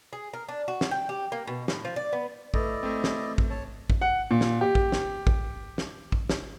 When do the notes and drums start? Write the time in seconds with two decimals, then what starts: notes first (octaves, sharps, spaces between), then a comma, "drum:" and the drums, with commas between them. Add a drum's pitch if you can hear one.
0.13 G#4
0.33 A#4
0.49 D4
0.68 F#4
0.81 drum: snare
0.91 G5
1.09 G4
1.32 A#3
1.47 B2
1.68 A2, drum: snare
1.85 F3
1.96 D5
2.13 B3
2.54 A3 E4 A4 B4 D5 D#5, drum: kick
2.83 A3 C4
3.04 drum: snare
3.38 drum: kick
3.50 C#5 A5
3.90 drum: kick
4.01 F#5
4.31 A#2
4.41 drum: snare
4.61 G4
4.75 drum: kick
4.92 drum: snare
5.27 drum: kick
5.78 drum: snare
6.12 drum: kick
6.29 drum: snare